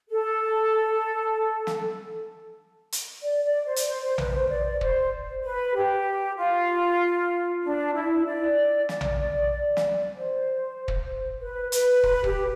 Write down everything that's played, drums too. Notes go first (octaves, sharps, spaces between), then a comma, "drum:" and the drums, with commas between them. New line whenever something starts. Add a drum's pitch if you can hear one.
A4
drum: snare
drum: hi-hat
D5
D5
C5
drum: hi-hat
C5
C5
B4, drum: tom A#1
C5
D5
C5, drum: kick
B4
G4
F4
D4
E4
D5
D5, drum: snare
drum: tom A#1
drum: snare
C5
drum: kick
B4
B4, drum: hi-hat
B4, drum: kick
G4, drum: kick